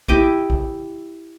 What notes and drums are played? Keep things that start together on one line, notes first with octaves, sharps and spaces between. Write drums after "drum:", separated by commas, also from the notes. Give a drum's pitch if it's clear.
E4 G4 D#5 D6, drum: kick
drum: kick